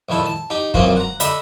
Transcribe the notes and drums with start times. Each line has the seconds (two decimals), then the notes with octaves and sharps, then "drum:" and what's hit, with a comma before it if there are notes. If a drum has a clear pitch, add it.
0.09 A#1 D#3 E4 A4
0.26 A5
0.50 D#4 G4
0.74 B1 F#2 C3 A#3 F4 F#4, drum: kick
0.96 F#5 A#5
1.20 D3 D#5 E5 B5, drum: hi-hat